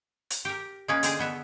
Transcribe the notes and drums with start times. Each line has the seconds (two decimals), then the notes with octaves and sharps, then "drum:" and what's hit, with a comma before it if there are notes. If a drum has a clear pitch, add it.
0.30 drum: hi-hat
0.45 G4 A#4
0.88 A#3 C#4 B4 D#5 D#6 G#6
1.03 D3 C4 G#4, drum: hi-hat
1.19 B2 B3 E5